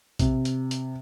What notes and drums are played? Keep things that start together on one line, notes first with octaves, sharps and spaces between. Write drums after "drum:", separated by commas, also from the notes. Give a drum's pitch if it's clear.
C3, drum: kick A#1, hi-hat
drum: hi-hat
drum: hi-hat